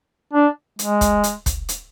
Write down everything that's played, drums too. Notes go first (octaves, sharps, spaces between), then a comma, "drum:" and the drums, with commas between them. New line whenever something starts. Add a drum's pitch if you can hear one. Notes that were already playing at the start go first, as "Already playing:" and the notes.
D4
G#3, drum: hi-hat
drum: kick, hi-hat
drum: hi-hat
drum: kick, hi-hat
drum: hi-hat